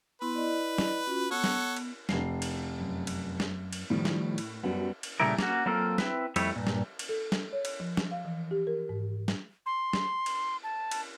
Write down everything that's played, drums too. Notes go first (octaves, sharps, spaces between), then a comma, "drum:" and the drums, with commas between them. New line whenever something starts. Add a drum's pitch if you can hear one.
B3 E4 B4 C6
E4 D5 D#5
drum: snare
C#4 F4 F#4
B3 A4 C#5 F#5
drum: snare
drum: cymbal
F1 C7, drum: snare
drum: cymbal
F#2
drum: cymbal
drum: snare
drum: cymbal
A2 D#3 F3 G3
drum: snare
drum: cymbal
F#2 G3 B3
drum: cymbal
A#2 C#3 G3 A3 E4 A#4
A#3 C#4 F#4, drum: snare
F#3 A#3 C4 F4 A4 A#4
C4 E4 B4, drum: snare
F2 G3 A3 E4 C#5, drum: cymbal
G2 A#2
drum: snare
drum: cymbal
A4
drum: snare
C#5
drum: cymbal
F3
drum: snare
F5
E3
G4
A#4
G#2
drum: snare
C6
drum: snare
drum: cymbal
A5
drum: cymbal